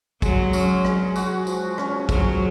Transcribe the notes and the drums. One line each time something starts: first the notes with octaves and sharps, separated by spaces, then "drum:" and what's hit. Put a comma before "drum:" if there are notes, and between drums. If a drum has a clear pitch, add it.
F#3 G#3, drum: kick, tambourine
C#4, drum: tambourine
G#3, drum: rim click
F#4, drum: tambourine
F3, drum: tambourine
C#4, drum: rim click
F#3 G#3, drum: kick, tambourine